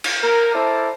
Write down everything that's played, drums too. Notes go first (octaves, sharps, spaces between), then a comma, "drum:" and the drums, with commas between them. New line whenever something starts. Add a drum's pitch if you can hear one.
drum: cymbal
A#4
E4 A4 A#4 C5 D5 A5